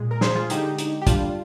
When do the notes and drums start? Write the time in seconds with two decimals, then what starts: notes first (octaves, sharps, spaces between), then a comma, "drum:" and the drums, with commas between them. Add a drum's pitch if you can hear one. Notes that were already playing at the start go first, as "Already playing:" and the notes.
Already playing: A#2 G#3
0.11 A#4
0.21 G#4 C5, drum: snare
0.35 F4 G#4
0.50 D3 G#3 D#4 G4, drum: hi-hat
0.78 drum: hi-hat
1.02 G4
1.07 D3 G3 D4 F4, drum: kick, hi-hat